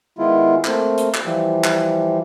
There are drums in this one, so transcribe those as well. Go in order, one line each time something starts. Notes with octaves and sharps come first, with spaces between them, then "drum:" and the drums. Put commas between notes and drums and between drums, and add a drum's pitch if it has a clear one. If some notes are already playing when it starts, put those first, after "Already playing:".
D#3 G#3 B3 E4 F4
A3 A#3 C4, drum: clap
drum: hi-hat
drum: clap
E3 F3 G3
drum: clap